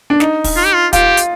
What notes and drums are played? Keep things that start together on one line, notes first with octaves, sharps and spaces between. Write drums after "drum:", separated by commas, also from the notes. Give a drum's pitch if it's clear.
D4
D#4, drum: snare
drum: kick, open hi-hat
F4
G4
F4
F4 G4, drum: kick, hi-hat
drum: hi-hat